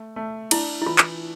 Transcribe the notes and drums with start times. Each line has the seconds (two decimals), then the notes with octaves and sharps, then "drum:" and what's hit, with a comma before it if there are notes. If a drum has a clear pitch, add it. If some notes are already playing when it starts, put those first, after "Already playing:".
Already playing: A3
0.16 A3
0.51 D4 E4, drum: cymbal
0.82 E4
0.86 E3 F4
0.98 drum: clap